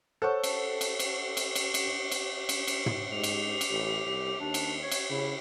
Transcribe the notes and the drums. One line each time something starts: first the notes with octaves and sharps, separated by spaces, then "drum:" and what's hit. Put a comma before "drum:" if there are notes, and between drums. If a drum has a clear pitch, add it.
A4 C5 C#5 F#5 C#6
drum: cymbal
drum: cymbal
drum: cymbal
drum: cymbal
drum: cymbal
drum: cymbal
drum: cymbal
drum: cymbal
drum: cymbal
drum: tom
G#2 G4 F7
drum: cymbal
drum: cymbal
A1
C2
D#2 D4
drum: cymbal
C#5
drum: cymbal
C#3 E4